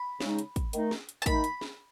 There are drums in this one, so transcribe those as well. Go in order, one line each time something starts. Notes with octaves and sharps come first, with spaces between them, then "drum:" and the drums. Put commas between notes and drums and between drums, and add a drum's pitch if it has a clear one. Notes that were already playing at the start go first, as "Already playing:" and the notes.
Already playing: B5
C#3 G#3 D#4, drum: snare
drum: hi-hat
drum: kick, hi-hat
D#3 A3 D#4, drum: hi-hat
drum: snare
drum: hi-hat
A5
D#3 A3 D#4 B5, drum: kick, hi-hat
drum: hi-hat
drum: snare